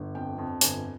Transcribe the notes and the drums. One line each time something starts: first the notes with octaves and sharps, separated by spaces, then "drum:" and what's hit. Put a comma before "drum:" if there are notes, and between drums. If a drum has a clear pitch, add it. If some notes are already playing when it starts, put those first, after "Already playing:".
Already playing: G1
F2 G5
F2
G1 G#5, drum: hi-hat